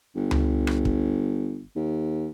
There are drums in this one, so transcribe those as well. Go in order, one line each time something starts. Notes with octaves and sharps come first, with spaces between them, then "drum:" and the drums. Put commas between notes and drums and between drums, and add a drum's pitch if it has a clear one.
G1
drum: tom C#2
drum: rim click
drum: kick
D#2